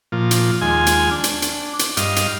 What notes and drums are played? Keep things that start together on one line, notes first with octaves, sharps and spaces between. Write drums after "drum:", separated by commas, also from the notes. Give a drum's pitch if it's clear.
A#2 F3
drum: hi-hat
D#2 G#3 F4 G#5
drum: hi-hat
D4
drum: hi-hat
drum: hi-hat
drum: hi-hat
G2 D#5 F5, drum: hi-hat
drum: hi-hat